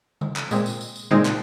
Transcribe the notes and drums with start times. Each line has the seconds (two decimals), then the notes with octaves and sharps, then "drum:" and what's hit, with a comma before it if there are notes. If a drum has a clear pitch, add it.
0.21 drum: tom C#3
0.36 drum: clap
0.51 A#2 G#3 C4, drum: tambourine
0.66 drum: tambourine
0.81 drum: tambourine
0.96 drum: tambourine
1.11 A#2 G#3 C4 D#4, drum: tom C#3
1.25 drum: clap